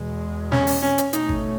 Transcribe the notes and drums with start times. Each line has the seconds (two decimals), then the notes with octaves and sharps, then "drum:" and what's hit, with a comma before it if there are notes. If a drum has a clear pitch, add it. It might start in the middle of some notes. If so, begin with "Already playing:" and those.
Already playing: E2 B2 G#3
0.52 C#4, drum: snare
0.67 drum: open hi-hat
0.82 C#4
0.98 drum: hi-hat
1.13 B2 A3 C#4 D#4, drum: hi-hat
1.29 drum: kick G#1